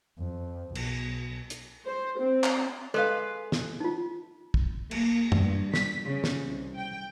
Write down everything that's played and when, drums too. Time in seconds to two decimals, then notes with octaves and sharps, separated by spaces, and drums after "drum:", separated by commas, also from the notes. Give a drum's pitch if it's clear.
0.19 F2
0.75 B1, drum: cymbal
1.50 drum: hi-hat
1.86 C5
2.20 C4
2.44 drum: clap
2.94 G#3 A4 B4 F5
3.52 drum: snare
3.80 D#4 F4
4.54 drum: kick
4.91 A#3, drum: cymbal
5.32 G2, drum: tom
5.74 B6, drum: snare
6.04 C#3
6.24 drum: snare
6.46 C2
6.77 G5